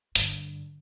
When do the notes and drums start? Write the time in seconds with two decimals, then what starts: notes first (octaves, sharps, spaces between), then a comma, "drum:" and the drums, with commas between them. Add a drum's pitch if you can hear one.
0.15 G2 D3, drum: hi-hat